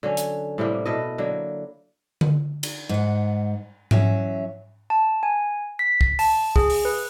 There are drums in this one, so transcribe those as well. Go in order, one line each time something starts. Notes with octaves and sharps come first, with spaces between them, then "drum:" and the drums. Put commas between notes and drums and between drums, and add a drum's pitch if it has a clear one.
D3 F#3 C#4
drum: hi-hat
A2 C3 G3 A#3
B2 E4 A4 D#5
D3 F#3 A#3
drum: tom D3
drum: cymbal
G#2 F#5
E3 F#3 C#4 E5, drum: tom G#2
A5
G#5
B6
drum: kick C2
A5, drum: open hi-hat
G#4, drum: kick C2
drum: open hi-hat
B4